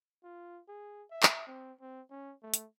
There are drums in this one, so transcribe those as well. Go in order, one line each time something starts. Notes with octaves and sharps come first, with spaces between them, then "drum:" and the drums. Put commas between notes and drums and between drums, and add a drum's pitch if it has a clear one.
F4
G#4
E5
drum: clap
C4
C4
C#4
A3
drum: hi-hat